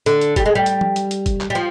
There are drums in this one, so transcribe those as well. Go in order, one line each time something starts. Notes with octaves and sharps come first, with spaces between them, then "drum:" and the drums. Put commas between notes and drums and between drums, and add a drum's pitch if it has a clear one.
D3, drum: hi-hat
drum: hi-hat
G3, drum: kick, hi-hat
G#3
G3
drum: hi-hat
drum: tom
drum: hi-hat
drum: hi-hat
drum: kick, hi-hat
drum: clap
G3
F3